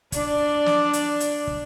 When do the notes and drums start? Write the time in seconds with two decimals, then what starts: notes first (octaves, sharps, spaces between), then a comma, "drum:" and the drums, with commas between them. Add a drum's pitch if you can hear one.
0.12 D4 D5, drum: kick, hi-hat
0.66 drum: snare
0.93 drum: hi-hat
1.20 drum: hi-hat
1.47 drum: kick